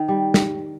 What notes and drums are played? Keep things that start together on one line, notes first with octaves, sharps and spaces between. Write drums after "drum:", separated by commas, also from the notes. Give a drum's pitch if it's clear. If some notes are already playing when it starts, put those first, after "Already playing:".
Already playing: D#3
G3
drum: snare